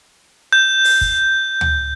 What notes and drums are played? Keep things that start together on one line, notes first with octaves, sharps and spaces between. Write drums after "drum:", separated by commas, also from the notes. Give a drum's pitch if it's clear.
G6
drum: open hi-hat
drum: kick
drum: tom D2